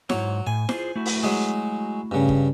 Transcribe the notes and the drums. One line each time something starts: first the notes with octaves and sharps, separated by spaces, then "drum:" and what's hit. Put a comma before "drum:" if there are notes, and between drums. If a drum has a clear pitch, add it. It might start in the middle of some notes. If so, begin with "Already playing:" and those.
G#2 F#3 C#5, drum: snare E4
A2 G#5
F4 G#4 C5, drum: snare E4
A3 E4 F#4
drum: open hi-hat
F#3 G#3 G#4
G2 C#3
drum: kick